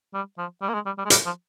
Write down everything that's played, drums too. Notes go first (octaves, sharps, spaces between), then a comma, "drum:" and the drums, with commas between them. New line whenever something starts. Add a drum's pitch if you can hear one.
G3
F3
G3
A#3
G#3
G3
G3
G#3
G3, drum: hi-hat
F3